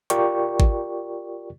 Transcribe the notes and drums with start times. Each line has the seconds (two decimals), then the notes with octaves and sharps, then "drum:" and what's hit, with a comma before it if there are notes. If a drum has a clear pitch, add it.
0.10 F4 G4 A#4 D5 G5 C#6, drum: hi-hat
0.60 drum: kick G#1